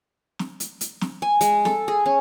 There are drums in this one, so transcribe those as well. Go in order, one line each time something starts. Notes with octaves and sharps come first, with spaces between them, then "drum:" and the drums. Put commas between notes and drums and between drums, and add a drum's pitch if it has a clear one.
drum: snare
drum: hi-hat
drum: hi-hat
drum: snare
G#5
G#3, drum: hi-hat
A4, drum: snare
G#4
C#4